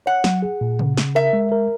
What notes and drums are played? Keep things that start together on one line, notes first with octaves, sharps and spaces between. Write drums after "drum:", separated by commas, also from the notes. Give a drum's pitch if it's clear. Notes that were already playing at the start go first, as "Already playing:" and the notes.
C#5 F#5
F#3, drum: snare
G#4
A#2
C#3, drum: tom
C#3, drum: snare
A#4 E5
G#3
A#4